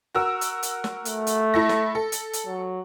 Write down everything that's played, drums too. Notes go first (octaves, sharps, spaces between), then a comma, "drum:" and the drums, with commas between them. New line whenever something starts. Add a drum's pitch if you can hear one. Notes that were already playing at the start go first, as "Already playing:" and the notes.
F#4 A#4 E6
drum: hi-hat
drum: hi-hat
drum: snare
A3, drum: hi-hat
drum: hi-hat
E4 A4 A#6
drum: snare
A4
drum: hi-hat
drum: hi-hat
F#3